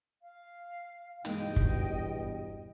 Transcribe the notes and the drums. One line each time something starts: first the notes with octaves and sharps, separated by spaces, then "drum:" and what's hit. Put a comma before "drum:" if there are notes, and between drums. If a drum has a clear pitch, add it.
F5
E2 G2 B2 G#3 A#3 D#4 D#5 G5, drum: hi-hat
drum: kick